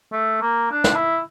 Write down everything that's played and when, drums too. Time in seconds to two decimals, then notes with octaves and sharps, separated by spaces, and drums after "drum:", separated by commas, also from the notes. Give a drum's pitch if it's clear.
0.12 A3
0.42 A#3
0.72 D4
0.84 drum: snare
0.95 E4